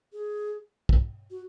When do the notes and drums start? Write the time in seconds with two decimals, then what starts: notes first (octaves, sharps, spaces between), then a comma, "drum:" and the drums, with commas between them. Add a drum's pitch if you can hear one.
0.13 G#4
0.89 drum: kick
1.31 F#4